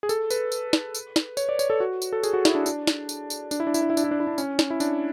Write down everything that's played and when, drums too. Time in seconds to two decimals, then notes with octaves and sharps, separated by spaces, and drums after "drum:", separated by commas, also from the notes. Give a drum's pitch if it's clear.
0.03 G#4
0.09 A4, drum: tambourine
0.30 B4, drum: tambourine
0.52 drum: tambourine
0.73 drum: snare
0.95 drum: tambourine
1.16 drum: snare
1.37 C#5, drum: tambourine
1.49 D5
1.59 C#5, drum: tambourine
1.70 A4
1.80 F#4
2.02 drum: tambourine
2.13 A4
2.23 G#4, drum: tambourine
2.33 F#4
2.45 E4, drum: snare
2.55 D4
2.66 D4, drum: tambourine
2.87 drum: snare
3.09 drum: tambourine
3.30 drum: tambourine
3.51 D4, drum: tambourine
3.60 E4
3.67 D4
3.74 E4, drum: tambourine
3.82 D4
3.90 E4
3.97 D4, drum: tambourine
4.04 E4
4.11 D4
4.20 E4
4.27 D4
4.38 C#4, drum: tambourine
4.59 drum: snare
4.70 E4
4.80 D4, drum: tambourine